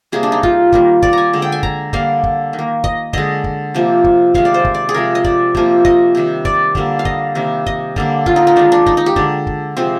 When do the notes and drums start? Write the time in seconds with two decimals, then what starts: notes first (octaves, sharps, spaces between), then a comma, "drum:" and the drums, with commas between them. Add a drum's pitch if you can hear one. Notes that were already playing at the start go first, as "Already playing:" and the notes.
0.12 C3 G3 A#3 G#4
0.23 D4
0.32 D#4
0.43 F4, drum: kick
0.73 D#3 G3 A#3, drum: kick
1.03 D5, drum: kick
1.13 G#5 A#5
1.33 D3 G#3
1.42 G5
1.52 G#5
1.63 A#5, drum: kick
1.93 D3 G3 A#3 F5, drum: kick
2.23 drum: kick
2.53 D#3
2.59 A#3
2.84 D#5, drum: kick
3.13 D3 G#3 D#5, drum: kick
3.44 drum: kick
3.74 C3 F3 A#3
4.04 drum: kick
4.34 C3 D#3 G#3 F5, drum: kick
4.45 D5
4.54 C5
4.65 drum: kick
4.75 D5
4.89 G#4
4.94 C3 F3 G#3 A#4
5.15 D#5
5.25 D5, drum: kick
5.55 C3 F3 A#3, drum: kick
5.85 D#5, drum: kick
6.15 C3 D#3 G3
6.45 D5, drum: kick
6.75 D3 G3 A#3, drum: kick
6.99 F5
7.05 D#5, drum: kick
7.35 C3 D#3 G3 A#3
7.67 D#5, drum: kick
7.96 D3 G3 A#3, drum: kick
8.26 F4, drum: kick
8.36 D#4
8.47 D#4
8.56 D#3 G#3 D4
8.72 D4
8.86 D#4, drum: kick
8.97 D#4
9.06 G4
9.16 D3 G#3 D4, drum: kick
9.47 drum: kick
9.77 C3 F3 G#3 C4